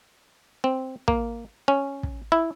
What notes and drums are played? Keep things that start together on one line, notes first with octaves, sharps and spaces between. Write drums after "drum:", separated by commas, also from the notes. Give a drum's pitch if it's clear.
C4
A#3, drum: kick
C#4
drum: kick
E4